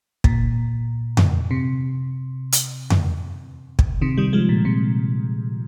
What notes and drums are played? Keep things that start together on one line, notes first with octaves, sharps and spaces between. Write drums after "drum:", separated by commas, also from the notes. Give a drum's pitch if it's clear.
A#2, drum: kick
drum: tom F2
C3
drum: hi-hat
drum: tom F2
drum: kick
C3 D#3
D#3 G3
F3 G#3
A#2
C3